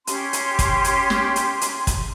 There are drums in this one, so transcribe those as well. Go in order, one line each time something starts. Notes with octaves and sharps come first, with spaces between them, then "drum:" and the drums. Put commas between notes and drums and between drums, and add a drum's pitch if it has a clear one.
C#4 G4 C6, drum: hi-hat
drum: hi-hat
drum: kick, hi-hat
drum: hi-hat
drum: snare
drum: hi-hat
drum: hi-hat
drum: kick, hi-hat